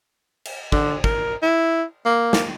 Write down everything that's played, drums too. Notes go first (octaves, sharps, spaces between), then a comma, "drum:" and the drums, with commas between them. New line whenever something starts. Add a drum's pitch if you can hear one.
drum: cymbal
D3, drum: kick
A#4, drum: kick
E4
A#3
drum: snare